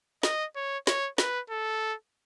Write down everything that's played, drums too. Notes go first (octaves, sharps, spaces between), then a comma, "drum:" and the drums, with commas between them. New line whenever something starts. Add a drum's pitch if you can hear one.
D#5, drum: snare
C#5
C#5, drum: snare
B4, drum: snare
A4